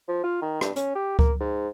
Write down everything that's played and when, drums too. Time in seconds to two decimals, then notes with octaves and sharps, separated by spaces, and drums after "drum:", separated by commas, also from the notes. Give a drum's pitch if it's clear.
0.08 F3
0.24 F4
0.42 D#3
0.61 G2, drum: rim click
0.76 C#4, drum: hi-hat
0.95 G4
1.19 A#3, drum: kick C#2
1.40 G#2